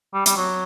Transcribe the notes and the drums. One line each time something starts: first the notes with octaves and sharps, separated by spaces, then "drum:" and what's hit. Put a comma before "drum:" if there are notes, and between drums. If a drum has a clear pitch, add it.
G3
G3, drum: hi-hat
F#3